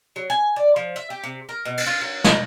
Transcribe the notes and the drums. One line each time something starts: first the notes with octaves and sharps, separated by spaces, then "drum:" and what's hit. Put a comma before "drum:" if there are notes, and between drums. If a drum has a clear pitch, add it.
F#3
G#5
D5
F3
E5
G4
C3
A#4
B2
drum: cymbal
F4
F#3
D#5, drum: snare